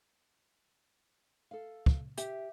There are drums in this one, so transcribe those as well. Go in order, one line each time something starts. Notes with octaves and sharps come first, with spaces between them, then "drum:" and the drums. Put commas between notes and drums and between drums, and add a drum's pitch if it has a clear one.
A4 F5
drum: kick
G4 E5, drum: hi-hat